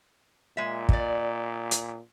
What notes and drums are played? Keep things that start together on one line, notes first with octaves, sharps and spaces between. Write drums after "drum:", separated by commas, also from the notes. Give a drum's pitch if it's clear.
A#2 G#3 E5
D5 D#5, drum: kick
drum: hi-hat